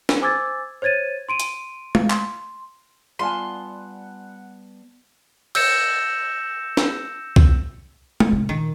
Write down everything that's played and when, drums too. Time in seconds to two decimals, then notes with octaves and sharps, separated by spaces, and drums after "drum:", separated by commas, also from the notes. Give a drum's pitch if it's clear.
0.09 drum: snare
0.21 C5 G#5 D6 E6 G#6 A6
0.82 C5 C#5 G#6 A6 D#7
1.29 C6 D7 D#7
1.40 drum: hi-hat
1.95 F5, drum: tom G#3
2.10 C6, drum: clap
3.19 G3 B3 F4 D5 F#5 G#5 A5 C6
5.55 E6 G6 A#6 C#7 E7, drum: cymbal
6.77 drum: snare
7.36 drum: kick
8.20 drum: tom G#3
8.32 A1 C3
8.49 A#2 D#3